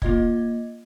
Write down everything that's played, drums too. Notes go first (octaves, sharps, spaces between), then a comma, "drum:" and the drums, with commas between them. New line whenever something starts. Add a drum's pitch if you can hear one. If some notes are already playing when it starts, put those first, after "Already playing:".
A#3 F4 D#5 G#6, drum: kick